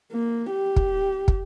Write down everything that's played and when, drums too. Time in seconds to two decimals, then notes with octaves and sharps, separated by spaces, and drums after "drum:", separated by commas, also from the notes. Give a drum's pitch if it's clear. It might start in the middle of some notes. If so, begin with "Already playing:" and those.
0.12 A#3
0.51 G4
0.76 drum: kick
1.28 drum: kick